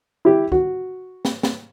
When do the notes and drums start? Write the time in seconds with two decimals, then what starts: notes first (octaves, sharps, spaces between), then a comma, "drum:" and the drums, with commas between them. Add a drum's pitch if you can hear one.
0.25 E4 G4
0.52 F#4, drum: kick
1.25 drum: snare
1.43 drum: snare